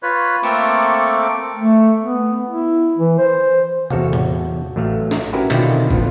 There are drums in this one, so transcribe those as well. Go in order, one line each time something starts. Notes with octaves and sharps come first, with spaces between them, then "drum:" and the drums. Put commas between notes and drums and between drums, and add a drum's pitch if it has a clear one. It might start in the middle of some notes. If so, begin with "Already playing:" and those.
F4 B4 C#5
A3 A#3 C4 A4 C#6 D6, drum: cymbal
A3
B3
E4
E3
C5
E2 F#4 A4 C#5 F5, drum: tom
drum: tom A2
A1 F#3 A3 F5
drum: snare
C#4 E4 F#4 G4 A#4 B4
B2 D3 D#3 C4 E4 F4, drum: clap
A2 F3 B3 F4 F#5, drum: kick